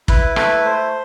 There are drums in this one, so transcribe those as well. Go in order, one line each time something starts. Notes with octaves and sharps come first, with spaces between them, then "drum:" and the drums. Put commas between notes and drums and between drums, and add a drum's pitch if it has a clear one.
E4 B4, drum: kick
A3 B4, drum: rim click
A3 C5